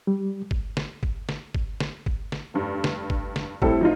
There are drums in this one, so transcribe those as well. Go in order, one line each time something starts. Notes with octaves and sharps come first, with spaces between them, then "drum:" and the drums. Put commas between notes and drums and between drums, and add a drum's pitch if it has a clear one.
G3
drum: kick
drum: snare
drum: kick
drum: snare
drum: kick
drum: snare
drum: kick
drum: snare
F1 G2
drum: snare
drum: kick
drum: snare
A2 G3 C4 E4 A4, drum: kick
F3 D#4 F4